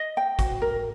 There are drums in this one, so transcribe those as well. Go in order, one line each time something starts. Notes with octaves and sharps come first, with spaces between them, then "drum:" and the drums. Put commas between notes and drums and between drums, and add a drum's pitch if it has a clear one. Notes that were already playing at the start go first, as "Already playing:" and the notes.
Already playing: D#5
G5
F#4, drum: kick, hi-hat
A#4